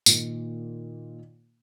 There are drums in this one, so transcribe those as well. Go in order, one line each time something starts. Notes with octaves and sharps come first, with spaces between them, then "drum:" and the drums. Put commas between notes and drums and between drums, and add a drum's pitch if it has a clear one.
A#2 D#3 D#4, drum: tambourine